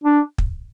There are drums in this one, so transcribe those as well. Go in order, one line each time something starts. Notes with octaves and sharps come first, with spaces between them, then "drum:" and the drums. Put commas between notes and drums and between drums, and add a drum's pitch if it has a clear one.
D4
drum: kick